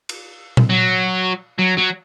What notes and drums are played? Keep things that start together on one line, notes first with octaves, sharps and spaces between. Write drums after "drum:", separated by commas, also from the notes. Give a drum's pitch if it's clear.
drum: cymbal
drum: tom A#2
F#3
F#3
F#3